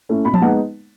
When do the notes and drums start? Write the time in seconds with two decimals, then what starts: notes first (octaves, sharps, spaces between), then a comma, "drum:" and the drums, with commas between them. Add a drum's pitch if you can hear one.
0.09 A3 C#4 E4
0.25 B2 B5
0.34 A5, drum: tom F3
0.42 G#3 B3 D#4 F#5